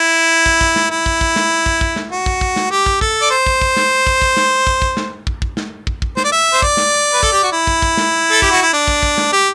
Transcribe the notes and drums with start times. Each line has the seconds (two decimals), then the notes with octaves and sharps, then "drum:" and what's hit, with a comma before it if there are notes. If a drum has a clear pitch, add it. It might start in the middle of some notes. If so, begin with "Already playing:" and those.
Already playing: E4
0.46 drum: kick
0.61 drum: kick
0.76 drum: snare
0.91 E4
1.06 drum: kick
1.21 drum: kick
1.36 drum: snare
1.66 drum: kick
1.81 drum: kick
1.96 drum: snare
2.12 F#4
2.26 drum: kick
2.41 drum: kick
2.56 drum: snare
2.71 G4
2.86 drum: kick
3.01 A4, drum: kick
3.22 D5
3.31 C5
3.46 drum: kick
3.62 drum: kick
3.77 drum: snare
4.07 drum: kick
4.22 drum: kick
4.37 drum: snare
4.67 drum: kick
4.82 drum: kick
4.97 drum: snare
5.27 drum: kick
5.42 drum: kick
5.57 drum: snare
5.87 drum: kick
6.02 drum: kick
6.17 C5, drum: snare
6.25 D5
6.32 E5
6.54 C5
6.62 D5, drum: kick
6.77 drum: snare
7.14 B4
7.23 A4, drum: kick
7.33 G4
7.43 F#4
7.52 E4
7.67 drum: kick
7.82 drum: kick
7.97 drum: snare
8.31 A4
8.42 G4, drum: kick
8.52 F#4
8.63 E4
8.73 D4
8.88 drum: kick
9.03 drum: kick
9.18 drum: snare
9.33 G4